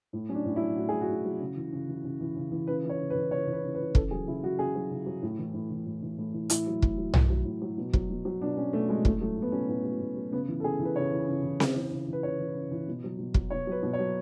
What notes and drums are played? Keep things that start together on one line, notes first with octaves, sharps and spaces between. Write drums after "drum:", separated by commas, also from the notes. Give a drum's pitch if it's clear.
A2
F#3 C#4
D4
A2
E4
F#3
A2 F#4
F#3 G#4
F#4
A2
F#3
C#3
E3
C#3
E3
C#3
E3
C#3
E3
C#3 B4
E3
C#5
C#3
B4
E3
C#3 C#5
E3
B4
C#3
B4
E3
C#3 A4, drum: kick
F#3 G#4
C#3 E4
F#3 F#4
C#3 G#4
F#3
C#3
F#3
A2
E3
A2
E3
A2
E3
A2
E3
A2 E4, drum: hi-hat
F#3
A2, drum: kick
F#3
A2, drum: tom
F#3
A2
F#3
B2
F#3, drum: kick
B2
F#3
B2 D4
F#3 C#4
B2 A3
F#3 G#3
A2 A3, drum: kick
F#3 A3
A2
B3
F#3 C#4
A2 B3
F#3
A2
F#3
C#3 B3
E3
A4
C#3 G#4
E3
B4
C#3 C#5
E3
C#3
E3
C#3, drum: snare C4
E3
C#3
E3 B4
C#3 C#5
E3
C#3
E3
B2
F#3
B2
F#3, drum: kick
B2 C#5
F#3 B4
B2
C#5
F#3